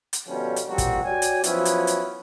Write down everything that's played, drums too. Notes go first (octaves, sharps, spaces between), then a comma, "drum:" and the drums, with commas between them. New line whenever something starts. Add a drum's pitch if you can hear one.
drum: hi-hat
B2 D3 F3 G3 C#4
drum: hi-hat
F3 G3 A#3 C4 D4 F#4
drum: kick, hi-hat
F#4 C#5 D5 G5 G#5
drum: hi-hat
F3 F#3 B3 C#4 E4, drum: hi-hat
drum: hi-hat
drum: hi-hat